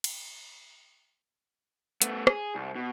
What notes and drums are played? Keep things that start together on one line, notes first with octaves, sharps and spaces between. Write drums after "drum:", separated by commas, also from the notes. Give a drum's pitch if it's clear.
drum: cymbal
A3 B3, drum: hi-hat
G#4, drum: rim click
C2
B2